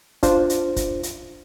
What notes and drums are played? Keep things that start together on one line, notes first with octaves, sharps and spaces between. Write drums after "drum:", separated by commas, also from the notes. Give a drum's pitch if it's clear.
D4 F4 C5, drum: kick, hi-hat
drum: hi-hat
drum: kick, hi-hat
drum: hi-hat